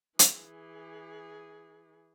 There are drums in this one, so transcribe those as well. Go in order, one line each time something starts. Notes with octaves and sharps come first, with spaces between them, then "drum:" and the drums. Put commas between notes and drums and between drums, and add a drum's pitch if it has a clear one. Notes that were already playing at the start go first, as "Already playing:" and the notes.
E3 G#4, drum: hi-hat